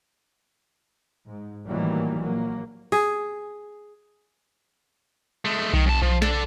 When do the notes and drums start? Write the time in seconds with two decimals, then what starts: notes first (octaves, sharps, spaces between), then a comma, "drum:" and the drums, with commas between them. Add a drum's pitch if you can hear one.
1.27 G#2
1.66 A2 D#3 E3 F#3 G3 A#3
2.22 A#1 F#3 A#3
2.92 G#4, drum: open hi-hat
5.45 G#3 A3
5.73 D#3, drum: kick B1
5.86 F#2 A5
6.02 F3, drum: kick B1
6.22 A4 D5, drum: snare